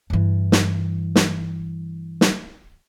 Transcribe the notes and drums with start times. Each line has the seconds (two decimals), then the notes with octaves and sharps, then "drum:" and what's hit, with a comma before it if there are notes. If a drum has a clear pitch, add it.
0.10 G2 E3
0.52 drum: snare
1.16 drum: snare
2.21 drum: snare